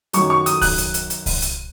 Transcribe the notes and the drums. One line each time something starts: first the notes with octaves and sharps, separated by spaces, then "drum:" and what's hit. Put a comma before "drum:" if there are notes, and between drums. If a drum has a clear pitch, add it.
F#2 D#3 F#3 C#6, drum: hi-hat
C#6
D#6, drum: hi-hat
F#6, drum: kick C2, open hi-hat
drum: hi-hat
drum: hi-hat
drum: hi-hat
drum: kick C2, open hi-hat
drum: hi-hat